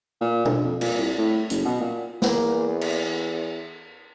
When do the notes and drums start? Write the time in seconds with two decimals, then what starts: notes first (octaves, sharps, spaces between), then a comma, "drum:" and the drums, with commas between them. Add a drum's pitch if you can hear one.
0.21 A#2
0.45 D3, drum: tom B2
0.63 F2
0.81 A#2, drum: cymbal
0.97 C2
1.17 A2
1.50 F#1, drum: hi-hat
1.65 B2
1.80 A#2
2.22 E2 A#3, drum: snare
2.81 A4, drum: cymbal